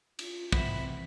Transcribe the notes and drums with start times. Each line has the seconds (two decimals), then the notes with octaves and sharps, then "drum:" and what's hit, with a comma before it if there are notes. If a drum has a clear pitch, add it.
0.19 F4, drum: cymbal
0.52 B1 G#2 C3 E3 E5 F#5 B5, drum: kick